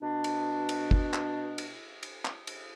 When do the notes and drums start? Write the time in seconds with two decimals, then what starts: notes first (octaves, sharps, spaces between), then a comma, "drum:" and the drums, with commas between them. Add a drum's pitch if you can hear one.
0.02 B2 D4
0.24 drum: cymbal
0.69 drum: cymbal
0.91 drum: kick
1.13 drum: clap
1.58 drum: cymbal
2.03 drum: cymbal
2.25 drum: clap
2.47 drum: cymbal